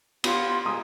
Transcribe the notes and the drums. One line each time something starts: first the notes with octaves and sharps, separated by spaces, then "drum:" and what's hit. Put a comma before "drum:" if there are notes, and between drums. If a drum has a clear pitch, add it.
B3 F4 G4, drum: cymbal
G#3 A#5 D#6